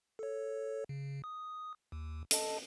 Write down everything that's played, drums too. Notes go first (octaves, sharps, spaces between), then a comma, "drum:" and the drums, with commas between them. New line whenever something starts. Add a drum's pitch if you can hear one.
A4 C#5
C#3
D#6
D#2
A4 D#5 A5, drum: hi-hat